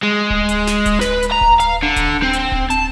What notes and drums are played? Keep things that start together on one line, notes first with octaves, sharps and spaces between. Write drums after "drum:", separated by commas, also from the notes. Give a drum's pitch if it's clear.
G#3
drum: kick D1
drum: hi-hat
drum: snare
drum: kick D1, hi-hat
B4, drum: snare
drum: hi-hat
A#5
drum: kick D1
F5, drum: hi-hat
D3
drum: kick D1, hi-hat
C4
drum: hi-hat
drum: kick D1
A5, drum: hi-hat